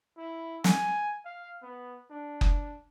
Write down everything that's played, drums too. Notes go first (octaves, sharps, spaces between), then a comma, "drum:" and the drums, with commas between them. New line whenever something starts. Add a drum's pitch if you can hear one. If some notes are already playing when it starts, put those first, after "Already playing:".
E4
G#5, drum: snare
F5
B3
D4
drum: kick F#1